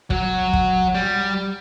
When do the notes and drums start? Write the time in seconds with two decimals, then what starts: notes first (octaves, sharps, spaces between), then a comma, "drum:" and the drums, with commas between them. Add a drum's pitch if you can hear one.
0.10 F#3, drum: kick
0.53 drum: kick
0.95 G3